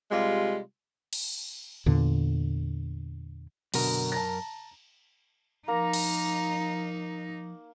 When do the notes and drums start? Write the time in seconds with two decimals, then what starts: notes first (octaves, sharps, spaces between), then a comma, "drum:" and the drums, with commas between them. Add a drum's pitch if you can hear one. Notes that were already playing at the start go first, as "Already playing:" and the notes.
0.11 C3 G3 G#3 F4
1.13 drum: cymbal
1.86 E2 A#2 D3
3.74 F#2 B2 D3 A#4, drum: cymbal
4.12 A5 A#5 A#6
5.68 F3 A#3 D#4 A#5
5.93 drum: cymbal